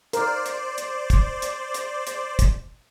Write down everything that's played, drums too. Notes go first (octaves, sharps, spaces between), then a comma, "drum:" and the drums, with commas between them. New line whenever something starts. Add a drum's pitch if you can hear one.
A#4 C5 D5, drum: hi-hat
drum: hi-hat
drum: hi-hat
drum: kick, hi-hat
drum: hi-hat
drum: hi-hat
drum: hi-hat
drum: kick, hi-hat